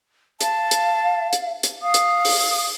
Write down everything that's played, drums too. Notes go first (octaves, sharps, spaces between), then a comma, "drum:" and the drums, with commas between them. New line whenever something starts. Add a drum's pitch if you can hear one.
F5 A5, drum: hi-hat
drum: hi-hat
drum: hi-hat
drum: hi-hat
F5 D#6
drum: hi-hat
drum: open hi-hat